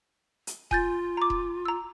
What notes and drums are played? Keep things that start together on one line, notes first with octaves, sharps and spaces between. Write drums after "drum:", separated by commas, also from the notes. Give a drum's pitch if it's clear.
drum: hi-hat
F4 G#5 G6 A6, drum: kick E1
A#5 D6
drum: kick E1
A#5 E6